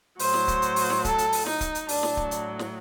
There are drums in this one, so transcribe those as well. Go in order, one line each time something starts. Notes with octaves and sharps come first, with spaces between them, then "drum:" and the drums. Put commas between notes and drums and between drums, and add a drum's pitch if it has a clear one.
A2 F#3 C5, drum: open hi-hat
drum: snare
drum: kick C#1, hi-hat
drum: hi-hat
drum: open hi-hat
drum: snare
A4, drum: kick C#1, hi-hat
drum: hi-hat
drum: open hi-hat
D#4, drum: snare
drum: kick C#1, hi-hat
drum: hi-hat
A2 F#3 D4, drum: open hi-hat
drum: snare
drum: kick C#1
drum: hi-hat
drum: snare